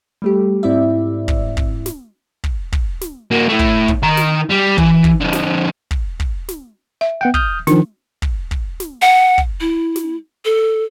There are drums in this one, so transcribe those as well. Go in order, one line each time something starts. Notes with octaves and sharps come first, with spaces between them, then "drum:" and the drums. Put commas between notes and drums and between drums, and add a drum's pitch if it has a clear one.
G3 A3 G4
G#2 C4 E4 D5 E5
drum: kick
drum: kick
drum: snare
drum: kick
drum: kick
drum: snare
A#3 F#4
A2 A3
drum: kick
drum: kick
D#3 A#5
drum: snare
G3
E3, drum: kick
drum: kick
D3 F3
drum: snare
drum: kick
drum: kick
drum: snare
E5
B3 F#5 G5
D#6 F6 G6, drum: kick
D#3 F3 D4, drum: snare
drum: kick
drum: kick
drum: snare
F#5
drum: kick
E4
drum: snare
A4